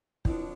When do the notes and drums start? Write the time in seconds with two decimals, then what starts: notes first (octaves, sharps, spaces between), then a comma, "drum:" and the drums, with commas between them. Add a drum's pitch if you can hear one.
0.25 F2 D3 F#3 B3 D4 E4, drum: kick